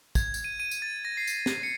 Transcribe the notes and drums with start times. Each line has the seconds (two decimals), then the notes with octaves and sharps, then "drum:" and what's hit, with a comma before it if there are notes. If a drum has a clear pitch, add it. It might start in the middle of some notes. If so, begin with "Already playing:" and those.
0.15 G#6, drum: kick, tambourine
0.34 drum: tambourine
0.44 D#7
0.60 D#7
0.71 drum: tambourine
0.82 A6
1.05 A#6
1.17 C7
1.27 drum: tambourine
1.46 drum: snare
1.63 C#7